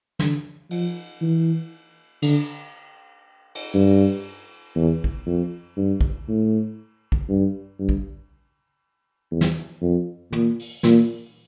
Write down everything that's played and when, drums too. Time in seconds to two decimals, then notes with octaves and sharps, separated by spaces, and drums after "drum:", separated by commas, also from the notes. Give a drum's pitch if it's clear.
0.19 D3, drum: snare
0.71 F3, drum: cymbal
1.21 E3
2.22 D3, drum: cymbal
3.55 drum: cymbal
3.74 G2
4.75 E2
5.04 drum: kick A#1
5.26 F2
5.76 G2
6.01 drum: kick A#1
6.28 A2
7.12 drum: kick A#1
7.29 G2
7.79 G2
7.89 drum: kick A#1
9.31 E2
9.41 drum: snare
9.81 F2
10.32 A#2, drum: tom
10.59 drum: open hi-hat
10.83 A#2, drum: snare